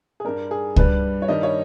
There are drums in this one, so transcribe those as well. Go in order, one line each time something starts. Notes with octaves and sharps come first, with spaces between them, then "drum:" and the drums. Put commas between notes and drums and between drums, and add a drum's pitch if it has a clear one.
G#4
G2 G3 A#4
G#4
G2 G3 B4, drum: kick C#2
C#5
G2 D#3 G3 D#5
C#5